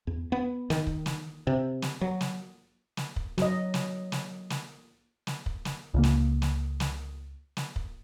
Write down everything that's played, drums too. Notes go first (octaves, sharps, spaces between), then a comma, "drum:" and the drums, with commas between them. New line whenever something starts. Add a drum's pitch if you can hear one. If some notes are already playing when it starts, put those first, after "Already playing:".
E2
B3
D#3, drum: snare
drum: kick
drum: snare
C3
drum: snare
F#3
drum: snare
drum: snare
drum: kick
F#3 D#5, drum: snare
drum: snare
drum: snare
drum: snare
drum: snare
drum: kick
drum: snare
C#2 C#3 A#3
drum: snare
drum: snare
drum: snare
drum: snare
drum: kick